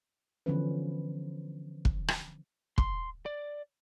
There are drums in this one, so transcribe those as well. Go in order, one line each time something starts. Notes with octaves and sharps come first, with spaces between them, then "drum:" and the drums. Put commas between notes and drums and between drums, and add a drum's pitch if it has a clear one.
D3 E3 F3 B3 C#4 B4
drum: kick
drum: rim click
C6, drum: kick
D5